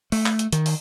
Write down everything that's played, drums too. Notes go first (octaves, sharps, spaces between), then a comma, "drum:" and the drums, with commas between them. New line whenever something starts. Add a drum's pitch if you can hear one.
A3, drum: open hi-hat
drum: clap
drum: hi-hat
D#3, drum: hi-hat
drum: open hi-hat